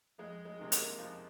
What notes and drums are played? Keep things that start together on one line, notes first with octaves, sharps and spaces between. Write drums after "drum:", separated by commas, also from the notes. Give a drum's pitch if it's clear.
F2 G#3
G#3
C3 D#3 G#3
A#3, drum: hi-hat
F2 F3